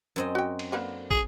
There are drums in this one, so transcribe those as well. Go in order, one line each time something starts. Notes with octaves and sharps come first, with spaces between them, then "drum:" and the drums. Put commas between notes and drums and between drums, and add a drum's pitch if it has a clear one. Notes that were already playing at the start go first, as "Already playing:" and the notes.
F#2 C4 D#5
F#4 G5
drum: cymbal
D3 A#3 B4
G#4, drum: kick